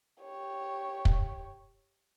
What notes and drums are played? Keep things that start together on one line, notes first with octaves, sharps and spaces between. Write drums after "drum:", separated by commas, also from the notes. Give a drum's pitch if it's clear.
G4 C#5
drum: kick